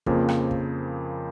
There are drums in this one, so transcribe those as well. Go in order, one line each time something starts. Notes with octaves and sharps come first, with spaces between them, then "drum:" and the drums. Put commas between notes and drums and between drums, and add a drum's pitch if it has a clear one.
F2 C#3 F3 A#3, drum: kick
drum: rim click
drum: kick